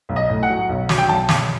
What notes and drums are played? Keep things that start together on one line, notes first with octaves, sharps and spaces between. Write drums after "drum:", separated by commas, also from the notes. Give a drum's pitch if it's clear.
B1
D#5
A2
F#5
F#3
B1
F#3, drum: snare
G5
B1 A5
B1, drum: snare